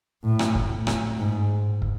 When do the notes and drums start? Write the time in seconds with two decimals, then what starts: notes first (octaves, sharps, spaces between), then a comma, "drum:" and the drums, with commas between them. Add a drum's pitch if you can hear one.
0.24 A2
0.39 drum: rim click
0.55 drum: kick
0.87 drum: rim click
1.18 G#2
1.82 drum: kick